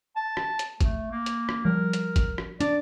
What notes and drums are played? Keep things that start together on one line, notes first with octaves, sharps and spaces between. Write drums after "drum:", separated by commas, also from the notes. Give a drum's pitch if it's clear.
A5
drum: rim click
drum: hi-hat
A3, drum: kick G#1, hi-hat
A#3
drum: hi-hat
drum: rim click
F3 G3 A#4
drum: hi-hat
drum: kick G#1, hi-hat
drum: rim click
D4 D5, drum: hi-hat